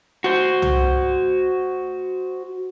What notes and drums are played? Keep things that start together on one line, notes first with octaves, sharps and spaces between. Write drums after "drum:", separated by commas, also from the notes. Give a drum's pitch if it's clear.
F#4 C5
drum: tom